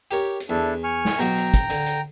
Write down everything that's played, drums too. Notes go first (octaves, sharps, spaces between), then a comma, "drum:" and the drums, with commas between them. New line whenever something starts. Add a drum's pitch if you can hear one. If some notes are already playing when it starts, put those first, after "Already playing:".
G4 A#4 C#5
drum: hi-hat
E2 D4 E4 A4
G#5 C#6 F6
drum: snare
B2 F#3 F#4 G5 A#5, drum: hi-hat
drum: hi-hat
drum: kick, hi-hat
D3, drum: hi-hat
drum: hi-hat